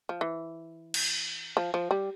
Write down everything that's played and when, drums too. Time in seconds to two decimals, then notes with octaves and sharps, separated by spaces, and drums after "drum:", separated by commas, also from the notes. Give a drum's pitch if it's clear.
0.09 F3
0.21 E3
0.94 drum: cymbal
1.57 F3
1.74 F3
1.91 G3